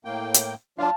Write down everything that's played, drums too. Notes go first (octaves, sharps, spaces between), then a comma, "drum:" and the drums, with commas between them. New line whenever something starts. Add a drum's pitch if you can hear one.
A2 A#3 G5
drum: hi-hat
F#3 D4 F4 F5 A5